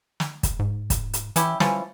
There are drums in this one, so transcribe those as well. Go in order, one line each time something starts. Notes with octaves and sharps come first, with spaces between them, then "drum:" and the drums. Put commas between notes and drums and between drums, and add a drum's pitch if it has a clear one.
drum: snare
drum: kick, hi-hat
G#2
drum: kick, hi-hat
drum: hi-hat
E3 C#4 E4 G4, drum: hi-hat
E3 F3 G3 C#4, drum: snare